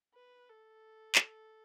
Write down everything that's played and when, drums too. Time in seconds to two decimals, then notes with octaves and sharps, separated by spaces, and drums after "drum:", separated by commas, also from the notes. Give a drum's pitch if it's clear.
0.14 B4
0.49 A4
1.15 drum: clap